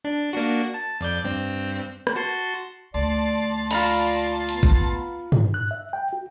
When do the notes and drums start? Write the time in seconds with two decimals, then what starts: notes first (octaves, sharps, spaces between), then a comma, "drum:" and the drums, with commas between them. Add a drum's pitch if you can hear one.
0.04 D4
0.33 A#3 D4 F#4
0.74 A5
1.01 F2 D5 G6
1.24 G2 C4
2.07 drum: rim click
2.16 F#4 A5 C6
2.94 D2 D5 A5 C6
3.71 F4 D5 A#5 B5, drum: cymbal
4.49 B3, drum: hi-hat
4.63 drum: kick G#1
5.32 drum: tom
5.54 F#6
5.71 E5
5.93 G5
6.13 F#4